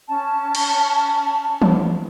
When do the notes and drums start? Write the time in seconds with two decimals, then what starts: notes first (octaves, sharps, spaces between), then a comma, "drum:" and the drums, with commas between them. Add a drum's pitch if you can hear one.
0.08 C#4 A5
0.55 drum: cymbal
1.62 drum: tom E3